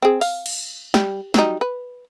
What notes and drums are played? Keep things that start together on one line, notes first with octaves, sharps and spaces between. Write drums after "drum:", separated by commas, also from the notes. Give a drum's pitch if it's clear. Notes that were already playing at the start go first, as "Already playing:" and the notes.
C4 G#4
F5, drum: open hi-hat
drum: cymbal
G3, drum: snare
F#3 G3 D#4, drum: snare
B4